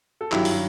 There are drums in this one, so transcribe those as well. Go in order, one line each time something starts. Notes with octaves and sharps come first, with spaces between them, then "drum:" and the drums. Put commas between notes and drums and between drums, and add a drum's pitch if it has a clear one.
A4
G2 D#3 F#3 E4 G4, drum: clap
drum: open hi-hat